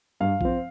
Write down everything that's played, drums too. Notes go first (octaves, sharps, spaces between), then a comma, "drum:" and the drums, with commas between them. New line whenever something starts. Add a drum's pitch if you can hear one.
G2 F5
F3 C4, drum: kick